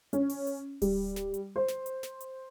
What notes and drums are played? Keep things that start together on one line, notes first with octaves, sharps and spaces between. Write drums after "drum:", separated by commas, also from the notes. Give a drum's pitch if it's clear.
C#4, drum: hi-hat
drum: open hi-hat
drum: hi-hat
G3, drum: kick D1, open hi-hat
drum: snare
drum: hi-hat
C5
drum: snare
drum: hi-hat
drum: snare
drum: hi-hat